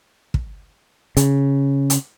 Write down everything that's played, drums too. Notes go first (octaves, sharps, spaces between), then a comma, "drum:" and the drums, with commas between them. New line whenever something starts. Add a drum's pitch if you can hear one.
drum: kick
C#3, drum: hi-hat
drum: hi-hat